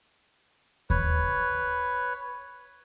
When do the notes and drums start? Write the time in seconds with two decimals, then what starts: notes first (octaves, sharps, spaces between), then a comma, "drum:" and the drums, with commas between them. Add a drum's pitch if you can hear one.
0.90 B4 C#5, drum: kick D#2